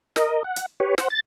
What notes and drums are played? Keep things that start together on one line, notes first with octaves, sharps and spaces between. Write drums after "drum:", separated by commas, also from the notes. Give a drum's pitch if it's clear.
A#4 D#5, drum: snare
F#5
drum: hi-hat
G4 B4 C#5
C5 F#5, drum: snare
A6